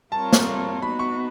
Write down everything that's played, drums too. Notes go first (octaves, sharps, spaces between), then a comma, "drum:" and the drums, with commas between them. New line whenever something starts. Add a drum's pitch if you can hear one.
G3 C4 F4 A#4 C#5 A5
drum: snare
B3 D#4 F#4 B5
C#6